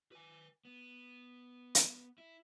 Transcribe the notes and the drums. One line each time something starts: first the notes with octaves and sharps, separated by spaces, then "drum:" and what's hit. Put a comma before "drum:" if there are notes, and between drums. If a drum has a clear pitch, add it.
B4 G#5
B3
drum: hi-hat
E4